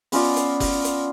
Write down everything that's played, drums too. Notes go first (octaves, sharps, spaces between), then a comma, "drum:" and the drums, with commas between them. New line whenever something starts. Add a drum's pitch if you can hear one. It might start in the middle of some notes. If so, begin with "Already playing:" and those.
B3 C#4 F4 D5, drum: open hi-hat
drum: hi-hat
drum: kick F#1, open hi-hat
drum: hi-hat